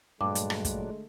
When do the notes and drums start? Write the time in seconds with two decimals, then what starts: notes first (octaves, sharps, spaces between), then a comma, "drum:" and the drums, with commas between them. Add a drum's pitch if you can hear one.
0.21 G2 A#2 D3 F#3 G#3 A3 D4 D6
0.35 drum: hi-hat
0.50 drum: rim click
0.65 drum: kick, hi-hat